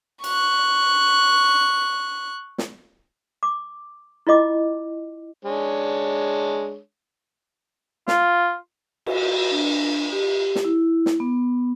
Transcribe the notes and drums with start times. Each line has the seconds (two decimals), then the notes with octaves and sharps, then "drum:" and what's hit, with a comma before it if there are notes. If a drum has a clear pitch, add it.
0.24 C#6 F#6, drum: cymbal
2.58 drum: snare
3.43 D6
4.27 E4 F4 D#5 D6
5.45 G#3 D4 C#5
8.08 F4, drum: snare
9.06 F#4, drum: cymbal
9.51 D4
10.12 G4
10.55 drum: snare
10.65 E4
11.06 drum: snare
11.20 B3